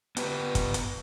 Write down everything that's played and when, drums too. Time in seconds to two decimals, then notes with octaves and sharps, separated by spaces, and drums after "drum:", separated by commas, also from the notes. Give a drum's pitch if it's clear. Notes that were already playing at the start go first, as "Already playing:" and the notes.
0.17 B3 G4 B4, drum: hi-hat
0.55 drum: kick, hi-hat
0.74 drum: hi-hat